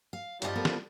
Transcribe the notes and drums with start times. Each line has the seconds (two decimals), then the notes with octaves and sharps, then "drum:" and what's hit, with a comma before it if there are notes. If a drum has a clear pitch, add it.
0.13 F5
0.42 G2 F3 G3 G4 D#5, drum: hi-hat
0.55 B3 A4 A#4
0.65 drum: snare